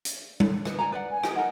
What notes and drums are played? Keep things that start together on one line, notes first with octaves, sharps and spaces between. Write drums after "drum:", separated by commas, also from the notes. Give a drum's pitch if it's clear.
drum: hi-hat
drum: tom G3
B4, drum: rim click
D5 G#5 A#5
B4 D5 F#5
G#5
D#4 G4, drum: rim click
D#4 A#4 F#5